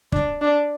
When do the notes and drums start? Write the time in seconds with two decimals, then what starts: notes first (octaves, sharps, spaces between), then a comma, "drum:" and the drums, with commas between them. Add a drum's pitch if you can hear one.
0.12 D4, drum: kick
0.41 D4